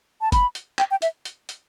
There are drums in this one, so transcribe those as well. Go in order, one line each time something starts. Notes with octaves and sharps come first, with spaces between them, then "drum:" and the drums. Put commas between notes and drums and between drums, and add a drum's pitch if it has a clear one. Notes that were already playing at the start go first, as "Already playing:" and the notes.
A5
B5, drum: kick F#1, hi-hat
drum: hi-hat
G5, drum: clap
G5
E5, drum: hi-hat
drum: hi-hat
drum: hi-hat